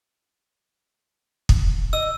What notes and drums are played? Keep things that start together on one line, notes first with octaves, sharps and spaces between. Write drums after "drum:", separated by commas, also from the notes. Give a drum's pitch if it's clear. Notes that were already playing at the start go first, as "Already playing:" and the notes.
drum: kick
D#5 E6